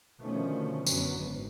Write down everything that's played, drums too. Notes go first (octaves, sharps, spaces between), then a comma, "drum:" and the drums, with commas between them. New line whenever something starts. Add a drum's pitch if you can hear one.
B2 D3 D#3 F3 A3 C#4
F#2 D3 F#3 B3 C#4, drum: tambourine
G#1